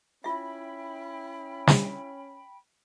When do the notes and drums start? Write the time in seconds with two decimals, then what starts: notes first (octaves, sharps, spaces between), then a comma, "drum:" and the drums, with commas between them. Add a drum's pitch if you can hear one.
0.24 C#4 E4 F4 E5 G5 B5
1.67 drum: snare